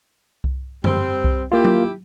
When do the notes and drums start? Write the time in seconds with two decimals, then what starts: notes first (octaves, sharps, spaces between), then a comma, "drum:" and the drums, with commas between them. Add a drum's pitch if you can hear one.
0.44 drum: kick C2
0.84 G3 C4, drum: tom F#2
1.24 drum: kick C2
1.52 A#3 E4 F4 G4
1.64 drum: tom F#3